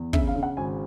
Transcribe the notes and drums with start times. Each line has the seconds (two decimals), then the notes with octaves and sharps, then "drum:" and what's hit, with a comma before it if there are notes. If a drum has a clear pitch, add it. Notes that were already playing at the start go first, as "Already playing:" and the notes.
Already playing: E2
0.13 C#3 E5, drum: kick
0.28 F5
0.36 C#3
0.43 F#5
0.57 G#1 G#5